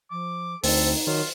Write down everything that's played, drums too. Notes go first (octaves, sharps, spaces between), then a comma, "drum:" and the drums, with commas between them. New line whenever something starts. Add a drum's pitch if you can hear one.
F3 D6
D2 C4 D#4 A4, drum: open hi-hat
D#3 F#3 F4